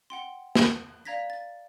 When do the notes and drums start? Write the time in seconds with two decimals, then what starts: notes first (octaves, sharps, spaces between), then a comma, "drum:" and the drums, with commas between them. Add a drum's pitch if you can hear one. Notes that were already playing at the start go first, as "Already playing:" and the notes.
0.10 F#5 G5 C6
0.55 drum: snare
1.05 D5 F5 A#5 G#6 A#6 B6
1.30 A6